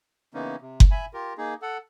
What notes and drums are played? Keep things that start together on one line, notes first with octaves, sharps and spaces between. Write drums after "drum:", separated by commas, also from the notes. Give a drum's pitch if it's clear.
C#3 E3 A#3 B3 C#4 D#4
C3
drum: kick F#1
E5 G#5 B5
F4 G4 A#4
A#3 D#4 G#4
A4 F#5